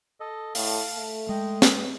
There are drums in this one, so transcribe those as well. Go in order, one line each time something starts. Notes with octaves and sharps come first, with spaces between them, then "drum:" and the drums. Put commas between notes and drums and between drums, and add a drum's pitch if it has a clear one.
A4 D#5
A2 F5 A5, drum: open hi-hat
A3
G#3 D#5 G5
B4, drum: snare